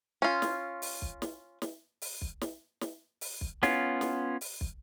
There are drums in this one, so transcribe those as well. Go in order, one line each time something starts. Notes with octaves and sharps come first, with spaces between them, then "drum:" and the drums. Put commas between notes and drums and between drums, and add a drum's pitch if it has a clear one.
C#4 F4
drum: snare
drum: open hi-hat
drum: kick
drum: snare
drum: snare
drum: open hi-hat
drum: kick
drum: snare
drum: snare
drum: open hi-hat
drum: kick
B3 C#4 F4, drum: snare
drum: snare
drum: open hi-hat
drum: kick